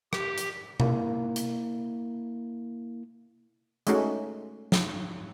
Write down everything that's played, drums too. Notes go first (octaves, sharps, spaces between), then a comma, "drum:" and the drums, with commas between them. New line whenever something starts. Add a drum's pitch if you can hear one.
G4, drum: rim click
drum: hi-hat
A#3 E4, drum: tom B2
drum: hi-hat
G#3 A3 C#4 D#4 F#4, drum: hi-hat
drum: snare